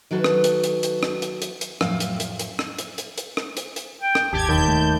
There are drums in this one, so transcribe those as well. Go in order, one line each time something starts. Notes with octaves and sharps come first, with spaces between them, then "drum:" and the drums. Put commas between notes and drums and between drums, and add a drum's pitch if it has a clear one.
D#3 F#3 F#4 A4 B4
drum: rim click
drum: hi-hat
drum: hi-hat
drum: hi-hat
drum: rim click
drum: hi-hat
drum: hi-hat
drum: hi-hat
F2 A2 F#3 F5 G5, drum: rim click
drum: hi-hat
drum: hi-hat
drum: hi-hat
drum: rim click
drum: hi-hat
drum: hi-hat
drum: hi-hat
drum: rim click
drum: hi-hat
drum: hi-hat
G5
drum: rim click
G#1 D#2 G4 A5 G#6
E1 D#2 A5 G6 B6
D#3 A3